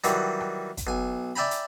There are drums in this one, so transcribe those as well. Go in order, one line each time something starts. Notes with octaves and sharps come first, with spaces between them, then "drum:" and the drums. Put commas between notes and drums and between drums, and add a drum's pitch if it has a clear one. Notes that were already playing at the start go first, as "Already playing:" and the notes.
D#3 E3 F#3 G3, drum: hi-hat
drum: rim click
drum: kick, hi-hat
B1 G#5
D5 E5 G5 G#5 A#5 B5
drum: hi-hat